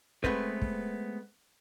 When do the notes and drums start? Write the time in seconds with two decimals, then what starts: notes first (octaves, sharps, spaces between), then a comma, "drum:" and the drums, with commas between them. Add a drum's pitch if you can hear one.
0.24 G#3 A3 B3 C4 B4, drum: kick
0.62 drum: kick